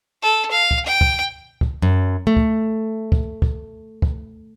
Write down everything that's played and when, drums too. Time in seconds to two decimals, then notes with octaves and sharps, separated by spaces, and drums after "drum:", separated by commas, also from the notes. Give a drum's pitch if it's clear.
0.22 A4
0.51 F5
0.71 drum: kick
0.86 G5
1.01 drum: kick
1.61 drum: kick
1.82 F#2
2.27 A3
2.37 drum: kick
3.12 drum: kick
3.42 drum: kick
4.02 drum: kick